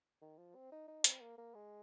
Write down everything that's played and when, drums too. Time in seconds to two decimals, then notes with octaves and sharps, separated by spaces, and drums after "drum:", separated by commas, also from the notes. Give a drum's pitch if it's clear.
0.22 D#3
0.38 F3
0.55 C4
0.72 D#4
0.88 D#4
1.04 C4, drum: hi-hat
1.21 A#3
1.38 A#3
1.55 G#3